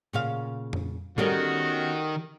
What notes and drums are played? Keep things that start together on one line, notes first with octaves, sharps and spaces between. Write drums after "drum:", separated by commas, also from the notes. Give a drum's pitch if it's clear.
A#2 C#3 F5
drum: tom F2
D#3 G3 B3 C#4 F#4 A4 A#4